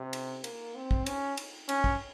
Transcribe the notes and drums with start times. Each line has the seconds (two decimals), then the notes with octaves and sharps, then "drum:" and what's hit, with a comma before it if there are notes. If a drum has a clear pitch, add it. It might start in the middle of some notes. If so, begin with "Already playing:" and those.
Already playing: C3
0.13 drum: cymbal
0.44 A#3, drum: cymbal
0.75 C4
0.91 drum: kick
1.06 C#4, drum: cymbal
1.37 drum: cymbal
1.69 C#4, drum: cymbal
1.84 drum: kick